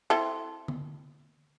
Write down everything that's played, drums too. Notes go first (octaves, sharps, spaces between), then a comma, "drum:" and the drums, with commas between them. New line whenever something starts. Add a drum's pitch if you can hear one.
C4 E4 A4
drum: tom D3